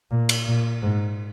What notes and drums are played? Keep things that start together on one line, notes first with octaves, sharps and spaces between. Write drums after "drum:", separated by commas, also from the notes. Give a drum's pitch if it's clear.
A#2
drum: cymbal
A#2
G#2